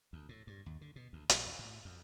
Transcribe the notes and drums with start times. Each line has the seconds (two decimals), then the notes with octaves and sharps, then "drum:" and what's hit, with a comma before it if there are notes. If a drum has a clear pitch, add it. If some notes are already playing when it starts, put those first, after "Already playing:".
0.13 D2
0.29 A2
0.47 G2
0.66 D#2
0.81 D3
0.96 B2
1.13 D2
1.29 A#1, drum: hi-hat
1.46 D2
1.59 A2
1.85 F2